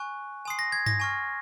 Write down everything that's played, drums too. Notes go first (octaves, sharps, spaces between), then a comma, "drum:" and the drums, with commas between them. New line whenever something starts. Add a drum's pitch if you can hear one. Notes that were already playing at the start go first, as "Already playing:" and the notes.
Already playing: G#5 C#6 F#6
G#5 C6 D#6 C7
A#6
G#6
A#6, drum: tom G2
G#5 C#6 F6